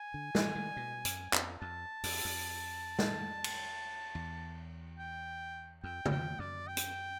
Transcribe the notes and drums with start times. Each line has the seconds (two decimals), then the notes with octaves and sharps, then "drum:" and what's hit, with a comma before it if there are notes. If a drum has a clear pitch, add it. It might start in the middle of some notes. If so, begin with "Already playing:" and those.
Already playing: G#5
0.14 D3
0.35 E3, drum: snare
0.55 D#3
0.77 B2
1.05 F#2, drum: hi-hat
1.33 F2, drum: clap
1.61 F2 A5
2.04 F2, drum: open hi-hat
2.25 F2
2.99 drum: snare
3.44 drum: cymbal
4.15 E2
4.99 G5
5.83 F2 G5
6.05 F#2, drum: tom C#3
6.11 F2 G5
6.39 F#2 D5
6.67 G5
6.77 drum: hi-hat